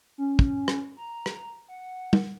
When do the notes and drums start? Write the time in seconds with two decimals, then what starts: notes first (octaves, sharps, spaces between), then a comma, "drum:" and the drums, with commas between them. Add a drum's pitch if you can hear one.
0.18 C#4
0.39 drum: kick
0.68 drum: rim click
0.97 A#5
1.26 drum: rim click
1.68 F#5
2.13 drum: tom